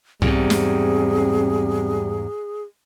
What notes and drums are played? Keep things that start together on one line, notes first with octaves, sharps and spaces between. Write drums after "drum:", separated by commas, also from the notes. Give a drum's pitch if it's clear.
E2 G#2 G3 C4 G#4, drum: tom
drum: snare